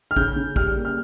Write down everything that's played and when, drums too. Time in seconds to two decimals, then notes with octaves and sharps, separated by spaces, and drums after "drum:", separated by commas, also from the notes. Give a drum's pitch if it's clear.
0.11 F6
0.16 C#3 G6, drum: kick
0.36 C#3
0.56 G3 F6, drum: kick
0.76 A#3
0.85 F6